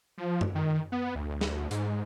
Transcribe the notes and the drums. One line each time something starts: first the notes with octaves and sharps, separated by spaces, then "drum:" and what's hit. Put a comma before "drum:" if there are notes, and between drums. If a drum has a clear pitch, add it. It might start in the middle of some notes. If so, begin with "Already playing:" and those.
F3
drum: tom F#2
D#3
B3
D2
drum: snare
G#2, drum: hi-hat